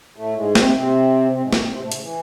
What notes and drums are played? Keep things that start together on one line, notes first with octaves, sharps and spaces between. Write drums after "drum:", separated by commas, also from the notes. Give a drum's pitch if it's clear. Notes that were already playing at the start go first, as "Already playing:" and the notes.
A2 A3
G#2 G#3
C3 C4, drum: snare
C3 C4
C3 C4
G#2 G#3
A2 A3, drum: snare
C3 C4
C3 C4
A2 A3
C#3, drum: hi-hat
E3